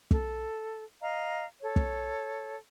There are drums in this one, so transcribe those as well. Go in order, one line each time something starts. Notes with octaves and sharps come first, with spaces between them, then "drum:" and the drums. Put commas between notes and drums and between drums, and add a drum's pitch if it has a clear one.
A4, drum: kick
D#5 F5 A#5
A4 C#5
drum: kick